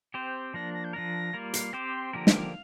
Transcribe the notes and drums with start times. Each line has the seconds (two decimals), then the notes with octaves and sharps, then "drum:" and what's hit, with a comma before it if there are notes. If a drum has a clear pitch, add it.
0.14 C4 G4 C5
0.54 F3 A#3 D4 A#6
0.74 A#6
0.84 G6
0.93 F3 D4 A#4 A#6
1.33 G3 A#3 F4 A#4
1.54 C7, drum: hi-hat
1.73 C4 G4 C5 D6
1.94 C6
2.13 D3 F3 A#3 G4 A#4 A#5
2.27 G5, drum: snare
2.39 F5